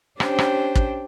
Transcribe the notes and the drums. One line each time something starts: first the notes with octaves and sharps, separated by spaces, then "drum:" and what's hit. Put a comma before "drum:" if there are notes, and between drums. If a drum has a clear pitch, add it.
C#4 D4 G4 C5 G5, drum: rim click
drum: rim click
drum: kick